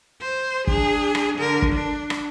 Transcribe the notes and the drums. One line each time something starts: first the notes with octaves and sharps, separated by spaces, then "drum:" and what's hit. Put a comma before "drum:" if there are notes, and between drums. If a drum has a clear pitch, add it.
C5
D4 G#4, drum: kick
drum: rim click
D3 A#4
drum: kick
D4
drum: rim click